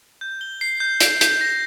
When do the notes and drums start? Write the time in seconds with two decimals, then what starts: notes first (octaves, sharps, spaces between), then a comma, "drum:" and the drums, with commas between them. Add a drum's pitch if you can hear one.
0.21 G6
0.41 G7
0.61 C7
0.80 G6
1.00 G6, drum: hi-hat
1.21 G6, drum: hi-hat
1.41 A#6